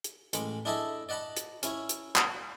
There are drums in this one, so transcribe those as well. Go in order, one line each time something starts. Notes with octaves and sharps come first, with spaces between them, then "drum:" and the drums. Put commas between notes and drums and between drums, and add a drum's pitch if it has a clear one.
drum: hi-hat
A1 G#3 B5 D6, drum: hi-hat
D4 E4 G#4 A4 D#5 E5
D5 D#5 F#5 A5 B5
drum: hi-hat
C#4 E4 C#5, drum: hi-hat
drum: hi-hat
drum: clap